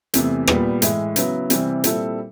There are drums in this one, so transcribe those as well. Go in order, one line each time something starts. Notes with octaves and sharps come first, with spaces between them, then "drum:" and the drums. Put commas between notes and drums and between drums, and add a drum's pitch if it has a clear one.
E2 C3 E3 A3, drum: hi-hat
A#2 G3 B3, drum: rim click
A2 E3 G#3, drum: hi-hat
C#3 F#3 B3 E4, drum: hi-hat
C3 E3 G3 C4, drum: hi-hat
A#2 G3 C4 E4 A4, drum: hi-hat